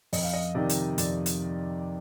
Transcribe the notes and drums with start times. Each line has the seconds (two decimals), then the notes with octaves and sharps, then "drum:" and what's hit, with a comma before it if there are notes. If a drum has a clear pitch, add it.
0.13 F2 D#5, drum: open hi-hat
0.23 F5
0.33 D#5
0.55 C3 D#3 D5
0.69 drum: hi-hat
0.98 F2 D5, drum: hi-hat
1.26 drum: hi-hat